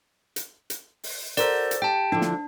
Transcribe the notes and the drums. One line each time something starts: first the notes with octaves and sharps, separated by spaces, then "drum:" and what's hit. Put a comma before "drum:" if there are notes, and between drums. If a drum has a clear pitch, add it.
drum: hi-hat
drum: hi-hat
drum: open hi-hat
F#4 A4 A#4 C5 D5, drum: hi-hat
drum: hi-hat
G4 G5 A5
D3 F3 D4 E4
drum: snare